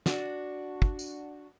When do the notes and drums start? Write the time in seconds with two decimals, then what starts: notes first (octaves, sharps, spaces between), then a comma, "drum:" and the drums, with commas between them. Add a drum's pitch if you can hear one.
0.06 D4 F#4, drum: snare
0.82 drum: kick
0.99 drum: tambourine